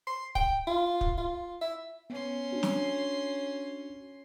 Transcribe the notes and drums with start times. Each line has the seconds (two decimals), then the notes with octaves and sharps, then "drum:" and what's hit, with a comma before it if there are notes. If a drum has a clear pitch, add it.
0.07 C6
0.35 G5, drum: kick
0.67 F4
1.01 drum: kick
1.18 F4
1.61 E5
2.10 B3 C#4 C6
2.53 D4 F#4
2.63 drum: snare